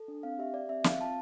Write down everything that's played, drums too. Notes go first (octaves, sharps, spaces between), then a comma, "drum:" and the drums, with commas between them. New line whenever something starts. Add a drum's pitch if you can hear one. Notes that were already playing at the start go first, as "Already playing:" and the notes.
Already playing: A4
D4
C4 F5
G4 E5
G4 D5
C4 E5
C4 F5, drum: snare
F4 A5